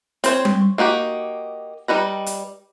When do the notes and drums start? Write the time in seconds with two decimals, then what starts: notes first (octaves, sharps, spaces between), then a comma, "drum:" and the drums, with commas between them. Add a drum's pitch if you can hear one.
0.24 C4 C5 C#5, drum: hi-hat
0.45 drum: tom G3
0.78 A#3 D#4 F#4 G4
1.88 G3 D#4 B4 A#5
2.26 drum: hi-hat